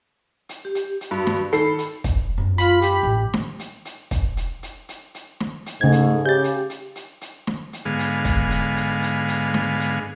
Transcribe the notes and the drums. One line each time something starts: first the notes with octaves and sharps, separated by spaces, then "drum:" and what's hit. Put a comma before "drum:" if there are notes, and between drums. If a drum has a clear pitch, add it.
drum: hi-hat
G4
drum: hi-hat
drum: hi-hat
G2 F#4
drum: snare
D#3 A4 B5 C7, drum: hi-hat
drum: hi-hat
drum: kick, hi-hat
F#2 B3
F4 B5, drum: hi-hat
G4, drum: hi-hat
A1 A2
drum: snare
drum: hi-hat
drum: hi-hat
drum: kick, hi-hat
drum: hi-hat
drum: hi-hat
drum: hi-hat
drum: hi-hat
drum: snare
drum: hi-hat
G#2 C#3 A3 G#6
drum: hi-hat
C#3 G4 G6 A6
drum: hi-hat
drum: hi-hat
drum: hi-hat
drum: hi-hat
drum: snare
drum: hi-hat
G#2 D3 G#3 B3 F5
drum: hi-hat
drum: kick, hi-hat
drum: hi-hat
drum: hi-hat
drum: hi-hat
drum: hi-hat
drum: snare
drum: hi-hat